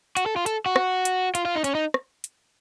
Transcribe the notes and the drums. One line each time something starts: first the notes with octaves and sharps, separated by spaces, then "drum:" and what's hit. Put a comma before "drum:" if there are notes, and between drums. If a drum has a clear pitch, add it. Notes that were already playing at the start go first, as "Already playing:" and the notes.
F#4, drum: hi-hat
A4
F4
A4, drum: hi-hat
F#4
drum: rim click
drum: hi-hat
F4, drum: hi-hat
F4
D#4
C#4, drum: hi-hat
D#4
drum: rim click
drum: hi-hat